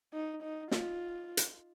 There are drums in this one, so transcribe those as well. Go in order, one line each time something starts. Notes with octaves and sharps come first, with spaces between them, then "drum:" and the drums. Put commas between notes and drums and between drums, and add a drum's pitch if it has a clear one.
D#4
D#4
F4, drum: snare
drum: hi-hat